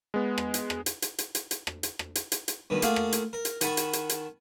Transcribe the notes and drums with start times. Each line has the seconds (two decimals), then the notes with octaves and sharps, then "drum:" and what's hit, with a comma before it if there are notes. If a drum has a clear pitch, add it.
0.14 G#3 B3
0.38 drum: rim click
0.54 drum: hi-hat
0.70 drum: rim click
0.86 drum: hi-hat
1.02 drum: hi-hat
1.18 drum: hi-hat
1.35 drum: hi-hat
1.51 drum: hi-hat
1.67 drum: rim click
1.83 drum: hi-hat
1.99 drum: rim click
2.15 drum: hi-hat
2.32 drum: hi-hat
2.48 drum: hi-hat
2.70 G2 B2 D#3
2.82 A3 A#3 F4 G#4 F5 F#5, drum: hi-hat
2.96 drum: rim click
3.12 drum: hi-hat
3.33 A#4
3.45 drum: hi-hat
3.61 D#3 F#5 A5 B5 C#6, drum: hi-hat
3.77 drum: hi-hat
3.93 drum: hi-hat
4.09 drum: hi-hat